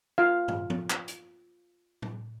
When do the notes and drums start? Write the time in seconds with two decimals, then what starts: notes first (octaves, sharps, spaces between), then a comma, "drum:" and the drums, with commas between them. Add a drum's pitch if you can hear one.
0.18 F4 F5
0.48 drum: tom
0.70 drum: tom
0.90 drum: clap
1.08 drum: hi-hat
2.02 drum: tom A2